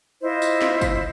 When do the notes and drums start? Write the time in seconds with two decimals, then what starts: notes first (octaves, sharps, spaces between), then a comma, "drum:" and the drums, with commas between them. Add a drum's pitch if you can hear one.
0.22 E4 F4 C5 D#5
0.42 drum: tambourine
0.62 drum: snare
0.81 drum: kick G1, tambourine